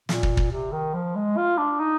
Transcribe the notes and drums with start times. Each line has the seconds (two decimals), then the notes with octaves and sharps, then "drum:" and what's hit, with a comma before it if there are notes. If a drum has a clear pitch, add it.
0.09 A#2, drum: snare
0.23 drum: kick
0.37 drum: kick
0.52 C3
0.73 D#3
0.94 F3
1.16 G#3
1.37 F4
1.58 D4
1.79 D#4